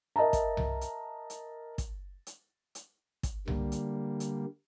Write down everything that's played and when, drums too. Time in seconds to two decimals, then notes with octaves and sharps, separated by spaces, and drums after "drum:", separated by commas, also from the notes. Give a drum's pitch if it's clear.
0.16 A#4 D#5 E5 A5 A#5
0.33 drum: kick, hi-hat
0.57 drum: tom C2
0.81 drum: hi-hat
1.30 drum: hi-hat
1.78 drum: kick, hi-hat
2.27 drum: hi-hat
2.75 drum: hi-hat
3.23 drum: kick, hi-hat
3.48 D3 G3 A#3, drum: tom C2
3.72 drum: hi-hat
4.20 drum: hi-hat